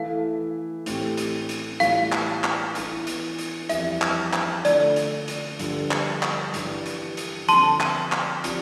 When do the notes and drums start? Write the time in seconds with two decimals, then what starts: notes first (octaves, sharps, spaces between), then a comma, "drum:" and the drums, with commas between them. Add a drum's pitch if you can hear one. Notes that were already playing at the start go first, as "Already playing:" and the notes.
Already playing: E3 A3 E4 A4 F5
0.86 A2 E3 A3 C4 G4, drum: hi-hat
1.17 drum: hi-hat
1.49 drum: hi-hat
1.80 A2 E3 G3 B3 F4 F5, drum: hi-hat
2.12 drum: clap
2.44 drum: clap
2.75 E3 B3 E4, drum: hi-hat
3.07 drum: hi-hat
3.38 drum: hi-hat
3.69 F2 E3 G3 E5, drum: hi-hat
4.02 drum: clap
4.33 drum: clap
4.65 D3 A3 D4 F4 D5, drum: hi-hat
4.96 drum: hi-hat
5.28 drum: hi-hat
5.59 G2 D3 F3, drum: hi-hat
5.91 drum: clap
6.23 drum: clap
6.54 G2 E3 G3, drum: hi-hat
6.86 drum: hi-hat
7.17 drum: hi-hat
7.48 D3 F3 C4 A5 C6, drum: hi-hat
7.80 drum: clap
8.12 drum: clap
8.44 F3 C4 G4 D5, drum: hi-hat